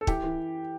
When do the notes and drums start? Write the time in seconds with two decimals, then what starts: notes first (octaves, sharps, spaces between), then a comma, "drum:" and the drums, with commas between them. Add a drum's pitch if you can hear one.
0.01 A4
0.07 E3 G4, drum: kick
0.24 E3